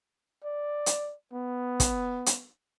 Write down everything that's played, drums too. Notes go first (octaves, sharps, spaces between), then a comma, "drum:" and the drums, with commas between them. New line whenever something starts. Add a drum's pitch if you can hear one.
D5
drum: hi-hat
B3
drum: kick, hi-hat
drum: hi-hat